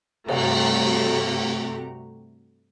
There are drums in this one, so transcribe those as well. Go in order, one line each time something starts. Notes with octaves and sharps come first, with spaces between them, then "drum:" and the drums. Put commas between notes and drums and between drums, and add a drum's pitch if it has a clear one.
G2 C3 A3 F#4 G4 A#5, drum: cymbal